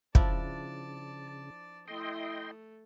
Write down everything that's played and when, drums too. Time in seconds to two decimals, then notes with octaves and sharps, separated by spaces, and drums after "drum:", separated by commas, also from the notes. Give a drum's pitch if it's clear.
0.15 C#3 F3 D4 E4 D5 A5, drum: kick
1.88 A3 E4 D#5 G5 C6 D#6